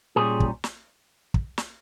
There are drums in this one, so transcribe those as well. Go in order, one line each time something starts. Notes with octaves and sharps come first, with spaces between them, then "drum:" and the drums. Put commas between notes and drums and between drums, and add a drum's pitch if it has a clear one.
A#2 G3 C#4 G#4
drum: kick
drum: snare
drum: kick
drum: snare